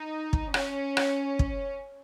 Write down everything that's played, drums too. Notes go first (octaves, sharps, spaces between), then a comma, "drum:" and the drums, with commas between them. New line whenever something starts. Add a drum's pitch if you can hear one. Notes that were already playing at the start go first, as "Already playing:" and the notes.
Already playing: D#4
drum: kick
C#4, drum: rim click
drum: rim click
drum: kick